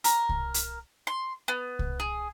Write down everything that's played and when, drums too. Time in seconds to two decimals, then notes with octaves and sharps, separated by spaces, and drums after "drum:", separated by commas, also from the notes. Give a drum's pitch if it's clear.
0.04 A#4, drum: hi-hat
0.29 drum: kick C2
0.54 drum: hi-hat
1.07 C6
1.48 B3
1.79 drum: kick C2
2.00 G#4